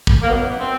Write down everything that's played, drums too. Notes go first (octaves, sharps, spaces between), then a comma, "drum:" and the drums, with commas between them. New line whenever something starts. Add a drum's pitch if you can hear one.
drum: kick
A#3
F#2 D#3 F#3 B3
B3
C4